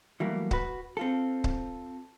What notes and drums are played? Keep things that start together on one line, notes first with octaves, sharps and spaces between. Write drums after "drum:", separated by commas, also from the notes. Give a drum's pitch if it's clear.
E3 F#3 G3 A3 A#3
F#4 B4, drum: kick C#1
C4 F4 A4
drum: kick C#1